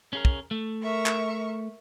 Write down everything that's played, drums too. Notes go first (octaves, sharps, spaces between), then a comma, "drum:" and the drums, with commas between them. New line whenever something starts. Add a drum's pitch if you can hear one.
C#4 G#4 A#4
drum: kick
A3
A#4 E5 C#6
drum: clap